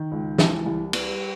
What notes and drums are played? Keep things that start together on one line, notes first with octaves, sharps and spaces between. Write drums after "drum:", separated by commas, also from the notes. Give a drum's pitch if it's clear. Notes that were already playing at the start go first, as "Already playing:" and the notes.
Already playing: D#3
C#2
E3 A5, drum: snare
C2
G3, drum: cymbal